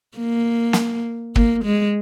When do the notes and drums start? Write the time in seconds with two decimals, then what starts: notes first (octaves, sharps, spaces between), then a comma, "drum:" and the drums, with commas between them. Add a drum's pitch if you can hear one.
0.18 A#3
0.73 drum: snare
1.36 A#3, drum: kick
1.65 G#3